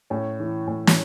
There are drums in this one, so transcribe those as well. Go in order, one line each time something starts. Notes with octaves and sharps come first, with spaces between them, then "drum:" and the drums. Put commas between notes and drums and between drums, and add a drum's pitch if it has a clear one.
A2 C#4
E3
A2
drum: snare